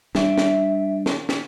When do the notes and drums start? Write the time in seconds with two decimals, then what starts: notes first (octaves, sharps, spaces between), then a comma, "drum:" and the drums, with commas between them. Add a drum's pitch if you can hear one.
0.15 G3 D4 E5, drum: snare
0.38 drum: snare
1.06 drum: snare
1.29 drum: snare